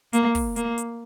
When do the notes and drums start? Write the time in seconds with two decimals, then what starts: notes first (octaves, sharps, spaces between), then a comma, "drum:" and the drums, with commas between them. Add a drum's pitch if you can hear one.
0.13 A#3, drum: hi-hat
0.35 drum: kick, open hi-hat
0.56 A#3, drum: hi-hat
0.78 drum: hi-hat